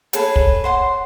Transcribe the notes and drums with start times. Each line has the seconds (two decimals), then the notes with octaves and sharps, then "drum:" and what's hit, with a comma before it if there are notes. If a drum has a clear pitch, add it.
0.13 G#4 A4 B4 C#5, drum: hi-hat
0.36 drum: kick
0.64 C5 F#5 C6